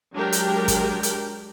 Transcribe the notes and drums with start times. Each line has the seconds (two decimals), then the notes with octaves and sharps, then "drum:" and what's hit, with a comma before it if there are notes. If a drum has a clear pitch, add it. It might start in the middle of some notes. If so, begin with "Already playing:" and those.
0.15 F#3 G#3 D4 G4 A#4 G5
0.32 drum: hi-hat
0.68 drum: kick, hi-hat
1.03 drum: hi-hat